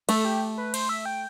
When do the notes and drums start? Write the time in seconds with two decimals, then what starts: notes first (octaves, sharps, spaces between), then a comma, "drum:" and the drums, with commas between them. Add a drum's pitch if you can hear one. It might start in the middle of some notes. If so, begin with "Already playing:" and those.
0.09 A3 A4, drum: cymbal
0.25 G4
0.58 B4
0.74 C5, drum: cymbal
0.89 E5
1.05 G5